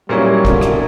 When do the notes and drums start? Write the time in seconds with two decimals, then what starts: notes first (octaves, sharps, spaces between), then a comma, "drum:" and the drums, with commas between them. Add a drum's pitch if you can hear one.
0.09 A#2 F#3 G3 A#3 C#4 E4
0.45 D3, drum: kick
0.61 drum: rim click